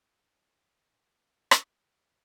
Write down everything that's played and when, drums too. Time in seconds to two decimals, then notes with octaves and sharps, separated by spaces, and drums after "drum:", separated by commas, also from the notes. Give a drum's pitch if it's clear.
0.24 B4 E5 F5 G5
1.51 drum: rim click